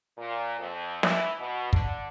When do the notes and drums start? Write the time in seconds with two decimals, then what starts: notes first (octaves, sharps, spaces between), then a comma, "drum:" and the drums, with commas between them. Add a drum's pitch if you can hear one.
0.17 A#2
0.59 F2
1.03 E3, drum: snare
1.38 B2
1.73 D3, drum: kick